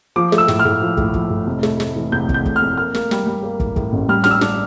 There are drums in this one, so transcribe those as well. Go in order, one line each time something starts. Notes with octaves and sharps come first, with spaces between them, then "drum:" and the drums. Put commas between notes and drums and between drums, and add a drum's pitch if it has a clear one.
F3 D6
A3, drum: snare
E6
A2, drum: snare
F6
A2
F3
A2, drum: kick
F3, drum: kick
A2
F1
A3, drum: snare
A3, drum: snare
E3
F1 G6
F1, drum: kick
G6
F1, drum: kick
F6
F2
A#3 F6
A#3, drum: snare
G3, drum: snare
G3
A#3
A2, drum: kick
A2, drum: kick
A1
G3 F6
D4 F6, drum: snare
E6
D4, drum: snare